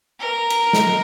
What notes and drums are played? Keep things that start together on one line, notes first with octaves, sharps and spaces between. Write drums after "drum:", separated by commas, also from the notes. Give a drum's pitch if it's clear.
A#4
drum: cymbal
drum: snare